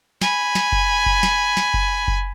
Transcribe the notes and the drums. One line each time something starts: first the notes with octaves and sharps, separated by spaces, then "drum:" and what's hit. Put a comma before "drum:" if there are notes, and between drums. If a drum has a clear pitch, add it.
G#5 B5, drum: snare
drum: snare
drum: kick F#1
drum: kick F#1
drum: snare
drum: snare
drum: kick F#1
drum: kick F#1